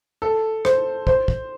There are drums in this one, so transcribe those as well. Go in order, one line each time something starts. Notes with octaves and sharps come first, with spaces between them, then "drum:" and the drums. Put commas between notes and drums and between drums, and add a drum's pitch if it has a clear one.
A4
C5, drum: rim click
C5, drum: kick
drum: kick